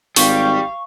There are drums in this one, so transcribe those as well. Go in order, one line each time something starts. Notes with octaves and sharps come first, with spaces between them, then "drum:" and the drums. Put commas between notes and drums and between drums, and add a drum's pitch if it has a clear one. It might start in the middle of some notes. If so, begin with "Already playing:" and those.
G#1 G3 F5 C#6, drum: open hi-hat